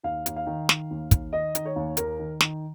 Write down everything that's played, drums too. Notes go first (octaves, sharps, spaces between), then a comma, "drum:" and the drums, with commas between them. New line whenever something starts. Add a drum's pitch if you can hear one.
D#2 F5
D#2, drum: hi-hat
F5
D#3
D#3, drum: snare
D#2
D#2, drum: kick, hi-hat
D#3 D#5
D#3, drum: hi-hat
C#5
D#2
D#2 A#4, drum: hi-hat
D#3
D#3, drum: snare